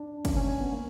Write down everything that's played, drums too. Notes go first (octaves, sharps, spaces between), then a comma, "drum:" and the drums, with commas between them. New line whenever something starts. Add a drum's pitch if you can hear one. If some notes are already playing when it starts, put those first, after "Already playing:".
Already playing: D4
C#4, drum: kick, cymbal
C#4
C#4
B3
A#3